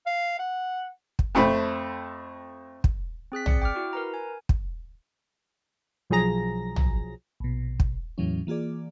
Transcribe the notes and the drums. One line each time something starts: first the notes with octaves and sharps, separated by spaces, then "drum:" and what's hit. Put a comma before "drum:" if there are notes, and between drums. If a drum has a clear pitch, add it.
F5
F#5
drum: kick
F2 A3 C4 B5
drum: kick
C4 G#4 F#6 B6
D5 C#7, drum: tom
G5 D6 F6
E4 F#4
A#4 B4 A#5
G#5
drum: kick
B1 F3 F#3 G#4 A#5 A#6
drum: tom
A#1 B2
drum: kick
E2 A2 E3 F#3 C#4
E3 A#3 F4 G#4 D5